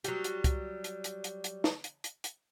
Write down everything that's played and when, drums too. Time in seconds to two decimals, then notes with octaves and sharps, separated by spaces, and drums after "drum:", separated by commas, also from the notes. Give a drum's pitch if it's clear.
0.04 F#3 G3, drum: hi-hat
0.24 drum: hi-hat
0.44 drum: kick C2, hi-hat
0.84 drum: hi-hat
1.04 drum: hi-hat
1.24 drum: hi-hat
1.44 drum: hi-hat
1.64 drum: snare
1.84 drum: hi-hat
2.04 drum: hi-hat
2.24 drum: hi-hat